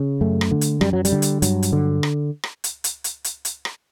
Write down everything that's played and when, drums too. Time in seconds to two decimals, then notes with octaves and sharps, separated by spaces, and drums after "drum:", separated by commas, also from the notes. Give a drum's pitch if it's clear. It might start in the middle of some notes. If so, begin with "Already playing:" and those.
Already playing: C#3
0.21 F#2 A3
0.41 drum: rim click
0.51 D3
0.61 drum: hi-hat
0.81 F#2 G3, drum: rim click
0.93 F#3
1.05 G3, drum: hi-hat
1.12 D3
1.22 drum: hi-hat
1.42 G2 F#3, drum: hi-hat
1.63 drum: hi-hat
1.73 D3
2.03 drum: rim click
2.43 drum: rim click
2.64 drum: hi-hat
2.84 drum: hi-hat
3.04 drum: hi-hat
3.24 drum: hi-hat
3.45 drum: hi-hat
3.65 drum: rim click